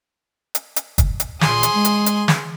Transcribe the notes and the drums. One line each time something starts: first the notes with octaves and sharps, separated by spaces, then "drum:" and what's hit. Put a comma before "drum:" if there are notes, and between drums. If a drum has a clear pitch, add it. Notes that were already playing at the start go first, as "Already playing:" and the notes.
drum: hi-hat
drum: hi-hat
drum: kick, hi-hat
drum: hi-hat
A#2 G#4 C6, drum: snare
drum: hi-hat
G#3
drum: hi-hat
drum: hi-hat
drum: snare